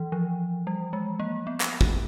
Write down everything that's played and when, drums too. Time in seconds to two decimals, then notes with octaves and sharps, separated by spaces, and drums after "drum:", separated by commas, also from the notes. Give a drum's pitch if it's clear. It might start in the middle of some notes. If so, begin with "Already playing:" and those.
Already playing: E3
0.12 F3
0.67 G3
0.93 G#3
1.20 A#3
1.47 B3
1.61 drum: clap
1.81 drum: kick